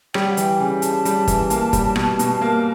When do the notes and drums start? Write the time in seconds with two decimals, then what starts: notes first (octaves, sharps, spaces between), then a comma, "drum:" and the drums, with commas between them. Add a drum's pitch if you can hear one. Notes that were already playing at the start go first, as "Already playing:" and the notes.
0.14 G3 G5, drum: rim click
0.31 F#5
0.37 E3 G5, drum: hi-hat
0.60 C#3 G#5
0.82 C#3 A5, drum: hi-hat
1.05 G3, drum: hi-hat
1.28 E3, drum: kick, hi-hat
1.50 A#3, drum: hi-hat
1.73 G3, drum: kick, hi-hat
1.96 B2, drum: rim click
2.19 B2, drum: hi-hat
2.42 A#3